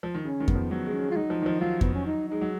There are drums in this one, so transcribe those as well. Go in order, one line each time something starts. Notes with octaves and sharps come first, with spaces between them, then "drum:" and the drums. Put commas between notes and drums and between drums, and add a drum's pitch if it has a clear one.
F3
D#3
C#3 C#4
D#3
B3, drum: kick F2
F3
F#3 B3
G#3
C#4
G#3
F4
F#3 D#4
F3
D#3
F3
F#3 F4
B3, drum: kick F2
C#4
D#4
G#3 D#4
F#3